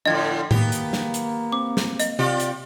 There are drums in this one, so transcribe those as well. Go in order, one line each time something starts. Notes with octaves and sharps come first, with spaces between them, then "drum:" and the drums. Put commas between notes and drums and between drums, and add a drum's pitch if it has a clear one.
A2 D3 F3 D4 D#5 G5 G#6
D#3 A#3 B3 G4, drum: tom A2
drum: hi-hat
drum: snare
drum: hi-hat
C4 D6
drum: snare
D#5, drum: hi-hat
C3 F4 G4 D5
drum: hi-hat